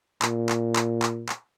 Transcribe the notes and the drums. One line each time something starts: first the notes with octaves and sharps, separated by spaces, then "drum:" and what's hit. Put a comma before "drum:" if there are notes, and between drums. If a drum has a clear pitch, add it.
A#2, drum: clap
drum: clap
drum: clap
drum: clap
drum: clap